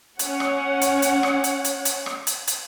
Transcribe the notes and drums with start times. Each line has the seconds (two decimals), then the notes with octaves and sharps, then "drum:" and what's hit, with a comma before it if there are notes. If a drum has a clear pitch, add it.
0.19 C#4 C#5 F#5, drum: hi-hat
0.40 drum: rim click
0.82 drum: hi-hat
1.02 drum: hi-hat
1.23 drum: rim click
1.44 drum: hi-hat
1.65 drum: hi-hat
1.85 drum: hi-hat
2.06 drum: rim click
2.27 drum: hi-hat
2.48 drum: hi-hat